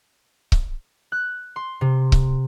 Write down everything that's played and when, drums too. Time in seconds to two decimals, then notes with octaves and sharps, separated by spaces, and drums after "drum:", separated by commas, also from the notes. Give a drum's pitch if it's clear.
0.52 drum: kick C#1
1.12 F#6
1.56 C6
1.81 C3
2.12 drum: kick C#1